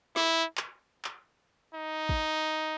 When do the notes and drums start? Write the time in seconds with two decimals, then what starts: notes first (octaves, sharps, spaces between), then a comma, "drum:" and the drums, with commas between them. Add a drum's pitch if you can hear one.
0.16 E4, drum: snare
0.57 drum: clap
1.05 drum: clap
1.74 D#4
2.09 drum: kick